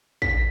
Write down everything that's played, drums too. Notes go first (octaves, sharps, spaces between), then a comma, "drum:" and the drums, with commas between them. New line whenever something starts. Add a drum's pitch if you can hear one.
B6, drum: kick A1